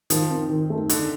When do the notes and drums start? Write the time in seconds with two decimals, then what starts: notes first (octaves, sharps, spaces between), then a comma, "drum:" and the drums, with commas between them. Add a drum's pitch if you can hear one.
0.10 D#3 F3, drum: hi-hat
0.31 C4
0.49 D#3
0.70 A3
0.89 D3 D#4, drum: hi-hat